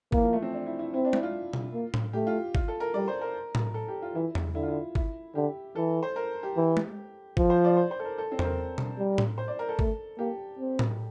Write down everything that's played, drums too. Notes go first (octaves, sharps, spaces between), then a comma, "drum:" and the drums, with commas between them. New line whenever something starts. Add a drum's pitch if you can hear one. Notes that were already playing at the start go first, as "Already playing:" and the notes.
E3 A#3, drum: kick G#1
F3
A3
C4
D4
E4
E4
C4 E4
D4
E4, drum: tom G#3
F4
drum: tom B2
A#3
drum: tom A2
A3 G4
F4
F4, drum: kick G#1
A4
A#4
G3 D5
C5
A#4
drum: tom A2
A4
G4
F4
E3 E4
drum: tom E2
D3 E4
F4
E4
E4, drum: kick G#1
D3 G4
E3 A4
C5
A#4
G4
E3
drum: tom G#3
F3, drum: kick G#1
C5
D5
C5
C5
A4
A#4
A4
C4
C5, drum: tom E2
A#4
drum: tom B2
G3
drum: tom A2
C5
D5
A#4
A4
A3, drum: kick G#1
A#3 G4
C4
drum: tom A2